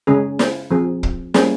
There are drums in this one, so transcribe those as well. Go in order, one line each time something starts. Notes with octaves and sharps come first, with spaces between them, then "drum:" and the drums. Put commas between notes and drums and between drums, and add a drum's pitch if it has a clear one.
C#3 G#3 C#4 G#4
drum: snare
F3 C4 G#4
drum: kick
G3 A#3 C#4 G#4, drum: snare